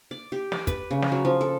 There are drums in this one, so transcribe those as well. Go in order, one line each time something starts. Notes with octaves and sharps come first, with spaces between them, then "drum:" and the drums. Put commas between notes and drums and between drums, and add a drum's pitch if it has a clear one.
D5
G4
D5, drum: snare
B4, drum: kick, hi-hat
C#3
drum: snare
F#3
F3
A4